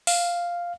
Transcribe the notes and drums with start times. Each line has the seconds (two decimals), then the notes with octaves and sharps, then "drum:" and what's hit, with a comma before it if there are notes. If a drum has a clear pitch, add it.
0.07 F5, drum: open hi-hat